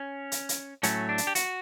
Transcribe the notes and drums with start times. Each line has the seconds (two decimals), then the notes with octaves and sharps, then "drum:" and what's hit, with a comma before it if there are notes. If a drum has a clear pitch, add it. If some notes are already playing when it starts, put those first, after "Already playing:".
Already playing: C#4
0.32 drum: hi-hat
0.49 drum: hi-hat
0.83 A2 F#3 A3 C#4, drum: hi-hat
1.09 D4
1.18 drum: hi-hat
1.27 G4
1.35 F#4, drum: hi-hat